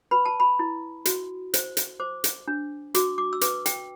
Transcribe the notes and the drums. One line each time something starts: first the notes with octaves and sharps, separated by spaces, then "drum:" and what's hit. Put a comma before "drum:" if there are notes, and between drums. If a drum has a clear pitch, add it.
B4 B5
A5
B5
E4
F#4, drum: hi-hat
C5, drum: hi-hat
drum: hi-hat
C5 D6
drum: hi-hat
D4
F#4 D6, drum: hi-hat
D6
E6
B4 D6, drum: hi-hat
G5, drum: hi-hat